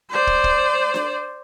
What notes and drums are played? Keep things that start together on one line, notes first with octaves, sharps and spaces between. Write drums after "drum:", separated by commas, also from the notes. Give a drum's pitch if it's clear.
C5 D5
drum: kick
drum: kick
drum: snare D4